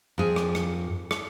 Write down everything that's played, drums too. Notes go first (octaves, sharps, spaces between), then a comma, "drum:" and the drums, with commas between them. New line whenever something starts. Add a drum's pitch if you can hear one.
F2 G#4
drum: rim click
drum: rim click
drum: rim click